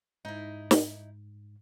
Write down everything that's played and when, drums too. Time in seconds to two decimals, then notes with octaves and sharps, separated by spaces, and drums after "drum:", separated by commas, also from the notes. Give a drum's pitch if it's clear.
0.25 G#2 D#4 E4
0.71 drum: snare